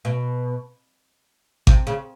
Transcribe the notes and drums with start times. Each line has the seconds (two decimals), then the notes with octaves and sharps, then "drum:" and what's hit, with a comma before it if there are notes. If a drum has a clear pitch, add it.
0.05 B2
1.67 C3, drum: kick G#1
1.87 C#3